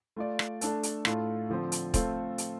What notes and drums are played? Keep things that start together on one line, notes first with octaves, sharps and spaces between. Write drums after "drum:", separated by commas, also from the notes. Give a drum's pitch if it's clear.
A3 F4 D5
drum: rim click
A3 D4 A4, drum: hi-hat
drum: hi-hat
A2 A3 F4 A4, drum: rim click
D3 F3 C4
drum: hi-hat
A3 C4 F4 A4 C5, drum: kick, hi-hat
drum: hi-hat